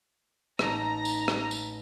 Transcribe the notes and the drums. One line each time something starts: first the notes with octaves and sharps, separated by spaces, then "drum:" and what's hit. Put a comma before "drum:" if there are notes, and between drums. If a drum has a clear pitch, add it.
A1 D#4 A5 A#5, drum: rim click
drum: tambourine
drum: rim click
drum: tambourine